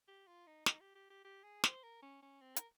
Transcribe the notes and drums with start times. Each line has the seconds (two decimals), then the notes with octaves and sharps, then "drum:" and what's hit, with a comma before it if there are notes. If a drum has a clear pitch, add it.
0.08 G4
0.27 F4
0.47 D#4
0.66 D#4, drum: snare
0.81 G4
0.95 G4
1.10 G4
1.25 G4
1.44 G#4
1.64 C5, drum: snare
1.83 A#4
2.03 C#4
2.22 C#4
2.41 C4
2.56 A#4, drum: hi-hat